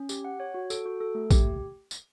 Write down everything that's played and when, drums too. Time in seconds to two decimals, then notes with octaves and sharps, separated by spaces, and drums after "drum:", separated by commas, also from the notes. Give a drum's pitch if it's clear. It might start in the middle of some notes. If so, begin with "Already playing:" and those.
Already playing: C#4
0.09 G4, drum: tambourine
0.24 F#5
0.40 C#5
0.54 F#4
0.70 A4, drum: tambourine
0.85 F#4
1.00 A4
1.15 A3
1.31 G4, drum: kick, tambourine
1.91 drum: tambourine